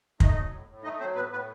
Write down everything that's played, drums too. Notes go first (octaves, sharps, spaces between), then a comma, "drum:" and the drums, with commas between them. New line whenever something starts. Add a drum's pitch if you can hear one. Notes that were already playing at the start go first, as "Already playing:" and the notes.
A3 D#4 D#5, drum: kick
F#3
A2
A2
A3 D#4 D#5
F#3 C4 C5
A2 B3 B4
A2 B3 B4